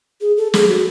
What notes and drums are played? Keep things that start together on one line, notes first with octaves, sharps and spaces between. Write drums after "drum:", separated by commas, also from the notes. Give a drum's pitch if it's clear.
G#4
A4
G#4, drum: snare
F#4